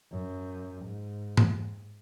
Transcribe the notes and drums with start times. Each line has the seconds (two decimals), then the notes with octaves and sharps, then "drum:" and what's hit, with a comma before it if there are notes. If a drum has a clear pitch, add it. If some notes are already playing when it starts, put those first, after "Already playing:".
0.11 F#2
0.85 G#2
1.37 drum: tom G#2